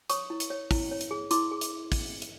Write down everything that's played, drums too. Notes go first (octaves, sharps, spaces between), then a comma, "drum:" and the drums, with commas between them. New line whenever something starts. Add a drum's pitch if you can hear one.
C#5 C#6 D#6, drum: hi-hat
E4
drum: hi-hat
C#5
E4, drum: kick, open hi-hat
C#5
drum: hi-hat
G#4
E4 C6 D6, drum: hi-hat
G#4
drum: hi-hat
drum: kick, open hi-hat
drum: hi-hat